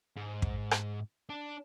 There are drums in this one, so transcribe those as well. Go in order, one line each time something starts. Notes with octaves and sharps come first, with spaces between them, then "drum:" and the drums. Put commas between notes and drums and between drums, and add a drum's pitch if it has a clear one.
G#2
drum: kick
drum: rim click
D4